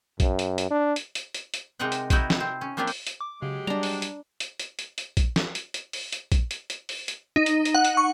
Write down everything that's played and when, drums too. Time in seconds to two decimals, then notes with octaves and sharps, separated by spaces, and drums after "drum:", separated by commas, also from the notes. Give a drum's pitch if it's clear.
0.20 F#2, drum: kick A#1, hi-hat
0.39 drum: hi-hat
0.58 drum: hi-hat
0.71 D4
0.96 drum: hi-hat
1.15 drum: hi-hat
1.34 drum: hi-hat
1.54 drum: hi-hat
1.79 C3 G#3 D#4 A#4 F#5 G5
1.92 drum: hi-hat
2.10 D#4 E4 F#4 D#5 G5, drum: kick A#1, hi-hat
2.30 drum: snare
2.40 C4
2.61 C#4
2.77 F3 A#3 C4 D4 F4 G4
2.87 drum: open hi-hat
3.07 drum: hi-hat
3.21 D6
3.42 C#3 F#3 G#3 G4
3.67 G3 D4 A#5
3.83 drum: open hi-hat
4.02 drum: hi-hat
4.40 drum: hi-hat
4.60 drum: hi-hat
4.79 drum: hi-hat
4.98 drum: hi-hat
5.17 drum: kick A#1, hi-hat
5.36 drum: snare
5.55 drum: hi-hat
5.74 drum: hi-hat
5.93 drum: open hi-hat
6.12 drum: hi-hat
6.32 drum: kick A#1, hi-hat
6.51 drum: hi-hat
6.70 drum: hi-hat
6.89 drum: open hi-hat
7.08 drum: hi-hat
7.36 D#4
7.46 drum: hi-hat
7.65 drum: hi-hat
7.75 F#5
7.85 drum: hi-hat
7.97 C#6